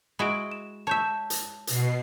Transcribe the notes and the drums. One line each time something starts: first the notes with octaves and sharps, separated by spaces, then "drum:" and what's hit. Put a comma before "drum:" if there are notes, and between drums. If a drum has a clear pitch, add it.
G#3 E4 F#4 B5 D7
E7
C#5 E5 A5 G6
drum: hi-hat
B2 C7, drum: hi-hat